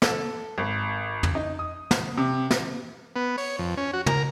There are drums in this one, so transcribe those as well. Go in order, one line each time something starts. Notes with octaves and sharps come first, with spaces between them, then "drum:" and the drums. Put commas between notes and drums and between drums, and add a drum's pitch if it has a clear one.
A4, drum: snare
G#1
drum: tom
D#4
D#6
drum: snare
C3
drum: snare
B3
C#5, drum: open hi-hat
F2
C#4
F#4
A#4, drum: tom